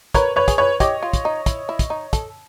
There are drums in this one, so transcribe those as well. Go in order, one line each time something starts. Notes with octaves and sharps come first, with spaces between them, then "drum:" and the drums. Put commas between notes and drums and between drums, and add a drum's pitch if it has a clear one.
A#4 B4 C#5, drum: kick, hi-hat
B4 C#5
G#4, drum: kick, hi-hat
B4 C#5
G4 C#5 D#5, drum: kick, hi-hat
F4
drum: kick, hi-hat
D#4
E4, drum: kick, hi-hat
E4
drum: kick, hi-hat
D#4
A4, drum: kick, hi-hat